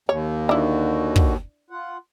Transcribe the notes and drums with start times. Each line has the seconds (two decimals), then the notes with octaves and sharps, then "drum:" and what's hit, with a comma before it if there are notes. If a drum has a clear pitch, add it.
0.09 D#2 C#5
0.49 D3 D#3 D4 E4 F#4
1.16 drum: kick
1.70 F4 F#5